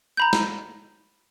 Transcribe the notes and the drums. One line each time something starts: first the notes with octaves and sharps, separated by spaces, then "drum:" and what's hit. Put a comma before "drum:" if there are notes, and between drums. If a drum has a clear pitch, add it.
A#5 B5 G6
drum: snare